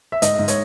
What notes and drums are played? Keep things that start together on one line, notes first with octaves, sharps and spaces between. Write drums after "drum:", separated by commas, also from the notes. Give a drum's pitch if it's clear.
E5
G#2 D#5, drum: hi-hat
G#2
C#5, drum: hi-hat